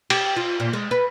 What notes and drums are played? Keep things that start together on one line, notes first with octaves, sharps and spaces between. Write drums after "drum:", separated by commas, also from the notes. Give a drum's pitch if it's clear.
G4, drum: cymbal
F4
A#2
G#3
B4